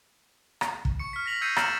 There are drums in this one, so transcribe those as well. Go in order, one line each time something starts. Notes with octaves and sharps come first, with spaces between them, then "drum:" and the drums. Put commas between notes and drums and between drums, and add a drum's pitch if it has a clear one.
drum: rim click
drum: kick
C#6 C#7
F6 B6
A#6 B6 F7 F#7
E6 G6 G#6 C7 C#7 D#7
E6 F6 A6 C#7 E7 F#7, drum: rim click